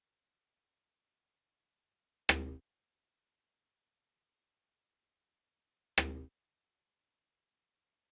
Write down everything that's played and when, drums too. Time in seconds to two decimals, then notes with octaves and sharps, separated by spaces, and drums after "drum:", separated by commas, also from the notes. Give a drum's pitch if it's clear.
0.61 A2 A#4 D5 G#6
1.01 G#1 F#2 G5 G#5 B6
1.47 F#1 C#2 G2 F#5 G6
1.89 A#3 B5 C7
2.29 drum: rim click
2.59 C#4 D4 F#4
3.21 E2 B4
4.08 G#3 C5
4.45 F#4
5.52 F4 A4 C#5 F5 F#5
5.98 drum: rim click
7.27 C#4